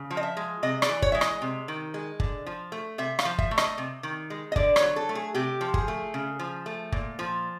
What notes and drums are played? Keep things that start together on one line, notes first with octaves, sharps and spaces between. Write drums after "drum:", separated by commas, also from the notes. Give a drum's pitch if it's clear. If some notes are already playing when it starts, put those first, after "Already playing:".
Already playing: C#3
F3
D#5
E5
G#3
C3 D#5
D5, drum: rim click
E3
C#5, drum: kick G1
G#3 E5
D#5, drum: rim click
C3
D#3
G#3
D3, drum: kick G1
F3
A3
C3 E5
F5, drum: rim click
F3
E5, drum: kick G1
A3
D#5, drum: rim click
C3
D#3
G#3
D#5
D3 D5, drum: kick G1
C#5, drum: rim click
F#3
A4
A3
G#4
C3 G4
F3
G#4, drum: kick G1
A3
C#3
F3
A3
A#2, drum: kick G1
F3